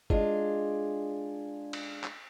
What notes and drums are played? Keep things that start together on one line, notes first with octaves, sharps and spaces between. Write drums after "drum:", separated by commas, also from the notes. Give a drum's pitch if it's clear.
G#3 D4 F4, drum: kick G1
drum: cymbal
drum: clap